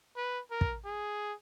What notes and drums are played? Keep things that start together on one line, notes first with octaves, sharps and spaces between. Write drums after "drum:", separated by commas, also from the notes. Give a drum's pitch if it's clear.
B4
A#4
drum: kick
G#4